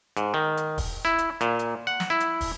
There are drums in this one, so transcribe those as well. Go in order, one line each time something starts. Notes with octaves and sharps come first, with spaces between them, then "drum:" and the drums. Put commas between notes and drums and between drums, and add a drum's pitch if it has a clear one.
G#2, drum: hi-hat
D#3
drum: hi-hat
drum: kick, open hi-hat
E4
drum: hi-hat
A#2, drum: hi-hat
drum: hi-hat
F#5
drum: snare
E4
drum: hi-hat
drum: kick, open hi-hat